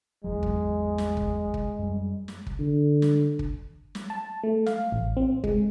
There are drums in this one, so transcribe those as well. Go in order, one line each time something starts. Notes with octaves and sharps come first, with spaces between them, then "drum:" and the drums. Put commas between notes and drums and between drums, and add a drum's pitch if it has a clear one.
G#1 E2 F#3 G#3
drum: kick
drum: snare
drum: kick
drum: kick
F#2 G3
drum: snare
drum: kick
D3
drum: snare
drum: kick
drum: snare
A5
A3
F5, drum: snare
A1
C4
G#3, drum: kick